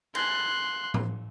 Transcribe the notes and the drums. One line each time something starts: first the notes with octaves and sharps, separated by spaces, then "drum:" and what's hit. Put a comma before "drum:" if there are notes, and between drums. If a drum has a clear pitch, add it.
C6 F#6, drum: cymbal
drum: tom A2